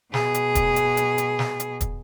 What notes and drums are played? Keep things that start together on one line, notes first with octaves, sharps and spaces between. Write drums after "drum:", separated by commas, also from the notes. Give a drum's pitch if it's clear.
B2 G#4, drum: snare
drum: hi-hat
drum: kick, hi-hat
drum: hi-hat
drum: hi-hat
drum: hi-hat
drum: snare
drum: hi-hat
drum: kick, hi-hat